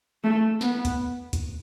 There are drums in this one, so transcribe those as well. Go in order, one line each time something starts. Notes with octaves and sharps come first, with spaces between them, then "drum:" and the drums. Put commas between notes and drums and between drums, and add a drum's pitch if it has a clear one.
A3
B3, drum: snare
drum: kick D2, hi-hat
drum: kick D2, hi-hat